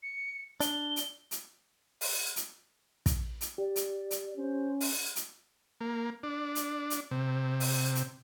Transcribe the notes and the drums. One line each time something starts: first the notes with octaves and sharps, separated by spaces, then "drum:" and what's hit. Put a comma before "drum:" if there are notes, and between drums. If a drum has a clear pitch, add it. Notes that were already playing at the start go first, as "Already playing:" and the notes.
C#7
D4 G7, drum: hi-hat
drum: hi-hat
drum: hi-hat
drum: open hi-hat
drum: hi-hat
drum: kick, hi-hat
drum: hi-hat
G4 D5
drum: hi-hat
drum: hi-hat
C#4 C5
drum: open hi-hat
drum: hi-hat
A#3
D4
drum: hi-hat
drum: hi-hat
C3
drum: open hi-hat
drum: hi-hat